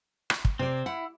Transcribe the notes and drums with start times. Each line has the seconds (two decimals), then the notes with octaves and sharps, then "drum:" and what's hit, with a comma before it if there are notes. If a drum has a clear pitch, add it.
0.30 drum: rim click
0.45 drum: kick
0.59 C3 C4 D5
0.86 E4 F#5